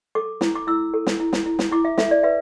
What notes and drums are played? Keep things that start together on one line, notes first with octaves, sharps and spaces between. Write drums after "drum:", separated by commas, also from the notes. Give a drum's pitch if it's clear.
A4 D6
E4, drum: snare
D6
E4 E6
A4
drum: snare
E4
drum: snare
E4
drum: snare
E4 D6
E5
A4 E5, drum: snare
D5
B4 E5